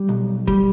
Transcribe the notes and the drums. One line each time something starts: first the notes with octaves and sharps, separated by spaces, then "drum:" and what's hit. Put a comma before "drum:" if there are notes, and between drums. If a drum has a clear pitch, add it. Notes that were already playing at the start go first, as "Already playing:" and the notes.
Already playing: G3
B1
G3, drum: kick